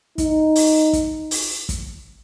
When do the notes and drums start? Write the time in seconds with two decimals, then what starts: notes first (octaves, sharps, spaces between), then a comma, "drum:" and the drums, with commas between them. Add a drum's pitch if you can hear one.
0.18 D#4, drum: kick, hi-hat
0.56 drum: open hi-hat
0.93 drum: kick, hi-hat
1.31 drum: open hi-hat
1.69 drum: kick, hi-hat